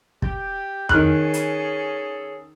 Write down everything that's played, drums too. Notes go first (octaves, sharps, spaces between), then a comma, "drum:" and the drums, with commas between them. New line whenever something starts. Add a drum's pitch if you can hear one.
G4, drum: kick
D#3 C#4 G#4 A4 F6 F#6, drum: tom F2
drum: hi-hat